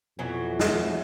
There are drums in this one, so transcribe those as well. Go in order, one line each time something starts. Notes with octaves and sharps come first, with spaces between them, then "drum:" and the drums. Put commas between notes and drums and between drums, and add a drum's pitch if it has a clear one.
F2 B2 E3 F#3
drum: snare